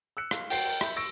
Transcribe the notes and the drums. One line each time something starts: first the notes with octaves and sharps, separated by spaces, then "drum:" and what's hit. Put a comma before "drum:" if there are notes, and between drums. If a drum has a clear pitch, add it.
E6 F#6 C#7
F5, drum: rim click
F#4 G5 C7 D7, drum: open hi-hat
A#4
E5 B5 G6, drum: rim click
C#6 E6 A#6 D7